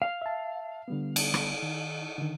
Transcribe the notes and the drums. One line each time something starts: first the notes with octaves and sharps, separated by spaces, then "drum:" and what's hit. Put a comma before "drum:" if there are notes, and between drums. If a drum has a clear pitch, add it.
F5
E5 A5
D3 G3 B3
drum: cymbal
drum: rim click
D#3
D3 D#3